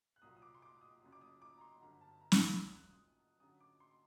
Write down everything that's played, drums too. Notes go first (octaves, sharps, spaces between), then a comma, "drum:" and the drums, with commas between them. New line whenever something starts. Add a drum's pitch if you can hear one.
F#6
C2 A#2 F#3 D#6
D#6
D6
C6
D6
D#6
F#1 F#2 F#3
D6
D#6
D6
A#5
C6
G1 G2 D3 F#3 A#5
A5
A#5
drum: snare
C6
F#2 F#3 D#6
F#6
D#6
F#2 D3 F#3 D#6
D6
C6